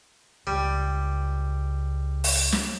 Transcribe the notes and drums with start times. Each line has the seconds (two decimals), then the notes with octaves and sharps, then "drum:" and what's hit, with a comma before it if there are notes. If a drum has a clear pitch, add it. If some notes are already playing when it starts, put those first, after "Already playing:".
0.47 C#2 G3
2.24 drum: open hi-hat
2.52 drum: snare